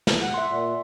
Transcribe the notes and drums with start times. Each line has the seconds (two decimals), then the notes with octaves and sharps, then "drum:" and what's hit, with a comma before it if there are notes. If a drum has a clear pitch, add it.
0.07 drum: snare
0.22 F#5
0.34 E5 C6
0.48 A#2